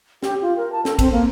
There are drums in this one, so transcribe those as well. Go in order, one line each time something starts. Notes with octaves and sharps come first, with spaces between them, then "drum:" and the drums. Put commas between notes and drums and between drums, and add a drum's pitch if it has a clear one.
G4, drum: snare
F4
A#4
A5
A4, drum: snare
C4, drum: kick, cymbal
A#3